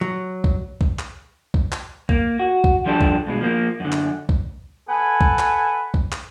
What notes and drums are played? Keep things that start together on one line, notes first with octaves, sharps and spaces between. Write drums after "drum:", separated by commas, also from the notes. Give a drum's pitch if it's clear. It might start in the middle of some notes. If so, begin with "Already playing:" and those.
F#3
drum: kick B1
drum: kick B1
drum: clap
drum: kick B1
drum: clap
A#3, drum: kick B1
F#4
drum: kick B1
F3 G3 D4 E4 G4 A4
drum: kick B1
G2 B2 G#3
F3 A#3
F#2 D3
drum: clap
drum: kick B1
A4 B4 F#5 G#5
drum: kick B1
drum: clap
drum: kick B1
drum: clap